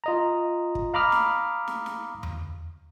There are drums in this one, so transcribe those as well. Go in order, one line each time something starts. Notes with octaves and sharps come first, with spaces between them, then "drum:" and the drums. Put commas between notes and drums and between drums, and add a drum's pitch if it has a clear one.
F4 D#5 A#5
drum: kick
F5 A#5 B5 D6 D#6 F6
drum: snare
drum: snare
drum: snare
drum: tom E2